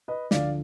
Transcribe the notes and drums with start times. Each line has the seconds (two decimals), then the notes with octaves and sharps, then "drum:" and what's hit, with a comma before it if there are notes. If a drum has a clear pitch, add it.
0.08 B4 D#5
0.31 D2 D3 F3 D5 F5, drum: snare